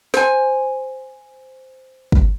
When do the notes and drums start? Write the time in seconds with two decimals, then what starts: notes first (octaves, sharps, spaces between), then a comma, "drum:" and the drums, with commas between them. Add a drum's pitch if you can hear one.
0.14 C5 G#5, drum: snare
2.12 drum: kick